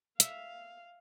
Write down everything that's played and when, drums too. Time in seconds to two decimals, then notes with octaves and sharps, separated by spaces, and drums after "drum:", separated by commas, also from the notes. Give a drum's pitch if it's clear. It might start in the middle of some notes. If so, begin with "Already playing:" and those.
0.20 E5 F5, drum: hi-hat